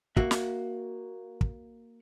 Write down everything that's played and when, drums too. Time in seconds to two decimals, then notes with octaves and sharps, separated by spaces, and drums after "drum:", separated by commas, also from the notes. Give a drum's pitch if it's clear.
0.17 A#3 F#4 E5, drum: kick
0.31 drum: snare
1.41 drum: kick